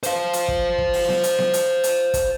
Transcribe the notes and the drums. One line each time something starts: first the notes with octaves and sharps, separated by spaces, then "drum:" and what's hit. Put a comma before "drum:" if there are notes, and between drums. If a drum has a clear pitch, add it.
C5 F5, drum: hi-hat
drum: hi-hat
drum: kick
drum: kick
drum: open hi-hat
drum: snare B3
drum: hi-hat
drum: snare B3
drum: hi-hat
drum: hi-hat
drum: kick, hi-hat